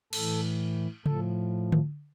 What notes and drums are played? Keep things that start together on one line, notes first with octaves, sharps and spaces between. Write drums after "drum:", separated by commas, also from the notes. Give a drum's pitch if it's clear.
A2 E3 A4, drum: cymbal
A2 F3 A4, drum: tom C#3
drum: tom D3